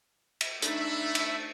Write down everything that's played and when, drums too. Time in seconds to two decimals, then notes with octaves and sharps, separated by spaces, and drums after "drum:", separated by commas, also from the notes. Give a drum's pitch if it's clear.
0.41 drum: cymbal
0.62 A3 D4 D#4 E5 B5, drum: hi-hat
1.15 drum: cymbal